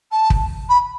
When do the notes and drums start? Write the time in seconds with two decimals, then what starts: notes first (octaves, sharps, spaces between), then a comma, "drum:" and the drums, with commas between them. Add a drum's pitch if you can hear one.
0.11 A5
0.30 drum: kick
0.69 B5